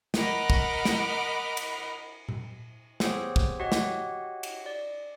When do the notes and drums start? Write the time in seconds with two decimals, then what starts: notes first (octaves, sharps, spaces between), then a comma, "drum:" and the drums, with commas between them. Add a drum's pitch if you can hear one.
0.14 A#4 D#5 F#5 B5 D6 F6, drum: snare
0.50 drum: kick
0.85 drum: snare
1.57 drum: cymbal
2.29 drum: tom A#2
3.00 B3 G4 G#4 C5 C#5, drum: snare
3.36 drum: kick
3.60 F#4 G4 C#5 D#5 F#5
3.72 drum: snare
4.43 drum: cymbal
4.66 D5